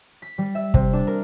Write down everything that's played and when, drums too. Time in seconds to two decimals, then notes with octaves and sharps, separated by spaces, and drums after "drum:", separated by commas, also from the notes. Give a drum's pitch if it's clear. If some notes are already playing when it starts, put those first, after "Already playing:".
0.22 B6
0.38 G3
0.55 E5
0.74 C3, drum: kick
0.93 D4
1.07 A#4